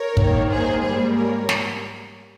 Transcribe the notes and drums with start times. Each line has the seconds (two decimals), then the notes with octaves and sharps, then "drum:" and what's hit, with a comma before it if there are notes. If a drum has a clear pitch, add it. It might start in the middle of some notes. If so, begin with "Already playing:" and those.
Already playing: A#4 C#5
0.17 G2 D#3 A#3, drum: kick
0.50 G#4 C5
0.82 G#2 G3 A#3 G#4 C5
1.15 A#4 C#5
1.49 drum: snare